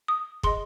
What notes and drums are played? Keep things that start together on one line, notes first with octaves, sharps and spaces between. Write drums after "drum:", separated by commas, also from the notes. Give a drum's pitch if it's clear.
D#6
G#4 D#5 C6, drum: kick